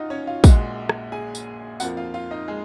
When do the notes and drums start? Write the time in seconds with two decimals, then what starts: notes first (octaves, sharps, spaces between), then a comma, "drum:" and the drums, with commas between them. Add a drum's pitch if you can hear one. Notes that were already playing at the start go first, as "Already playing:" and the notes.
Already playing: F#2 D#4 F4 F#4 D#5 F5
0.10 C#4 C#5
0.27 F4 F5
0.44 A#1 A#2 G#3 F#4 F#5, drum: kick, tambourine
0.89 drum: rim click
1.12 G#4 G#5
1.35 drum: tambourine
1.80 F2 F3 A#3 F#4 F#5, drum: tambourine
1.97 F4 F5
2.14 F4 F5
2.31 D#4 D#5
2.48 G#3 G#4